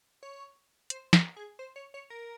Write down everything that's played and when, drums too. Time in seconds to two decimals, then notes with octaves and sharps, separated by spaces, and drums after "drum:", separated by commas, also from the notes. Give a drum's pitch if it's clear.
0.23 C#5
0.90 C5, drum: hi-hat
1.13 A#4, drum: snare
1.37 G#4
1.59 C5
1.76 C#5
1.94 C#5
2.10 A#4